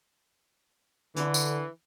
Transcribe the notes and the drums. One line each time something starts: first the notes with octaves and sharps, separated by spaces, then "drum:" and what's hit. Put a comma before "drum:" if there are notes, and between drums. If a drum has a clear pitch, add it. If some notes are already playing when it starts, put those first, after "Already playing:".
D3 E3, drum: hi-hat
drum: tambourine